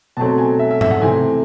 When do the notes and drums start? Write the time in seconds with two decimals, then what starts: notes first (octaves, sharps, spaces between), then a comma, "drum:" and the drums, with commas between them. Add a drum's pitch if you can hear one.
0.17 B2 F#3 A3 C4 A5
0.38 G#5
0.59 E5
0.70 E5
0.81 E5, drum: tom G#2
0.91 F#5
1.02 C3 E3 A3 C4 G#5